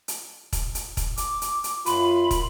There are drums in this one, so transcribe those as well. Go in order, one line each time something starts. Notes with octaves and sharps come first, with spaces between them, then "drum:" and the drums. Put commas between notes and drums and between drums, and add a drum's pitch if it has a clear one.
drum: hi-hat
drum: kick, hi-hat
drum: hi-hat
drum: kick, hi-hat
D6, drum: hi-hat
drum: hi-hat
drum: hi-hat
F#2 F4 B5 C6, drum: hi-hat
drum: kick, hi-hat